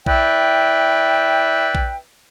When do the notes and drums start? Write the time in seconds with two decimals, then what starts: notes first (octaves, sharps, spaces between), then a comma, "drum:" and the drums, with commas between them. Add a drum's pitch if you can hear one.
0.06 E4 B4 D5 E5 G5, drum: kick A#1
1.75 drum: kick A#1